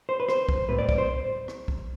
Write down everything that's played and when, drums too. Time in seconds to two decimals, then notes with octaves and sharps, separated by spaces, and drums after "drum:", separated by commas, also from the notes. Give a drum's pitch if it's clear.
0.09 C5
0.20 B4
0.29 C5, drum: rim click
0.49 drum: kick
0.68 A2 G3 C4 B4
0.78 D5
0.89 D5, drum: kick
0.98 C5
1.48 drum: rim click
1.68 drum: kick